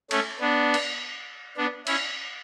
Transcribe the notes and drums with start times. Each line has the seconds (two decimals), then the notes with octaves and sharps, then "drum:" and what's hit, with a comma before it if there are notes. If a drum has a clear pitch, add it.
0.11 A3 C#4, drum: cymbal
0.40 B3 D4
0.74 drum: cymbal
1.57 B3 D4
1.87 C#4 E4, drum: cymbal